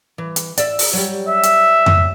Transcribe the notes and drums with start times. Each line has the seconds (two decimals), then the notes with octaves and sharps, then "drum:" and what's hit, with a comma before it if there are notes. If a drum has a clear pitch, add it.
0.18 E3
0.36 drum: hi-hat
0.58 D5 E5, drum: hi-hat
0.79 drum: open hi-hat
0.93 F#3 G3
1.29 E5
1.43 drum: hi-hat
1.86 drum: tom F2